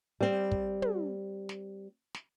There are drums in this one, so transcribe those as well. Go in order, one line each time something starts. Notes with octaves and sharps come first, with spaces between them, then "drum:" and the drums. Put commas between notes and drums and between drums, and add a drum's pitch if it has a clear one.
G3 C4
drum: kick
drum: tom
drum: snare
drum: snare